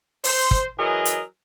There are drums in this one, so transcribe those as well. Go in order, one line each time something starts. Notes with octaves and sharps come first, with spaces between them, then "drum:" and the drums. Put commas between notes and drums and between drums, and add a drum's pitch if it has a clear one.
C5, drum: open hi-hat
drum: kick
E3 F#3 G#4 A#4 D#5
drum: hi-hat